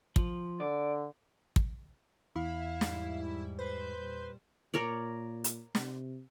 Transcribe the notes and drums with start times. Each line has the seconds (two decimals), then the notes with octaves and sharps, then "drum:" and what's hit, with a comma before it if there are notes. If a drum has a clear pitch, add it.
0.16 F3, drum: kick
0.60 D3 D5
1.56 drum: kick
2.36 E2 E4 F5
2.81 G#2 G3, drum: snare
3.59 B4 C5
4.00 A#2 G3
4.74 A#2 A#4 C#5 D5
5.44 drum: hi-hat
5.75 C3, drum: snare